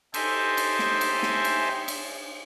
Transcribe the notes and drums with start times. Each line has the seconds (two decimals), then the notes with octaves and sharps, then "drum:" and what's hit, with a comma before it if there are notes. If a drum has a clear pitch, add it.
0.14 D#4 G4 A4 C5 E5 G#5, drum: cymbal
0.57 drum: cymbal
0.79 drum: snare
1.01 drum: cymbal
1.23 drum: snare
1.44 drum: cymbal
1.88 drum: cymbal